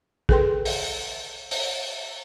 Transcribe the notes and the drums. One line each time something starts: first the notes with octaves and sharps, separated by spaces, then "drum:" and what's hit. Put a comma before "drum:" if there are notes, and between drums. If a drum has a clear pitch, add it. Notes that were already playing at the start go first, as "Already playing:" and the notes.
G#4 A4 B4 G5 C6, drum: kick
drum: open hi-hat
drum: open hi-hat